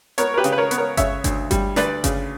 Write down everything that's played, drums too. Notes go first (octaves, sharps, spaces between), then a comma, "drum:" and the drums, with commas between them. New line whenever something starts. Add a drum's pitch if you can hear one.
B3 A#4 C#5, drum: hi-hat
A#4
G4 B4
C#3, drum: hi-hat
B4
A#4 C#5
B3, drum: hi-hat
A#4 C#5
C#3 C#5 E5, drum: kick G1, hi-hat
D2, drum: kick G1, hi-hat
G3, drum: kick G1, hi-hat
D2 B4 D5, drum: snare
C#3, drum: kick G1, hi-hat